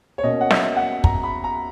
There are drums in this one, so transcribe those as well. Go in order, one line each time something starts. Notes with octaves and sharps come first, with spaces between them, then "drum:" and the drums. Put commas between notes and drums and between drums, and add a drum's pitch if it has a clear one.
C#5
B2 A#3 C#4 D#5
F#5
E5, drum: snare
F#5
A#5, drum: kick
B5
A#5